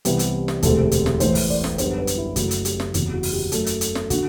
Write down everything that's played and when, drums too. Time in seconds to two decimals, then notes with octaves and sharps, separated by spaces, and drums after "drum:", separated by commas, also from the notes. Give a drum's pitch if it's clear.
0.05 C2 C3 E3 G3 B3 G4, drum: hi-hat
0.19 drum: hi-hat
0.48 drum: snare
0.63 E1 D2 C3 A4, drum: kick, hi-hat
0.92 drum: hi-hat
1.06 drum: snare
1.20 A1 A2 E3 C5, drum: hi-hat
1.35 drum: kick, open hi-hat
1.50 D5
1.64 drum: snare
1.78 F#2 D3 G3 B3 C5, drum: hi-hat
1.98 B4
2.07 drum: hi-hat
2.17 E4
2.36 F#1 F#2 F#3 A3 F#4, drum: kick, hi-hat
2.51 drum: hi-hat
2.65 G4, drum: hi-hat
2.80 drum: snare
2.94 F#1 E2 C3 E3 F#4, drum: hi-hat
3.14 F#4
3.23 drum: open hi-hat
3.33 G4
3.52 F#2 F#3 A3 A4, drum: hi-hat
3.66 drum: hi-hat
3.81 drum: hi-hat
3.95 drum: snare
4.10 D3 F#4, drum: kick, hi-hat